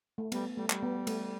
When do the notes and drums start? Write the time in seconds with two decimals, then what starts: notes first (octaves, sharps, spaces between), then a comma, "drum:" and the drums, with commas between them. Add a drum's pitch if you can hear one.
0.18 A3
0.32 G3 B3, drum: cymbal
0.56 G3 A3
0.70 G3, drum: clap
0.82 B3
1.07 A3, drum: cymbal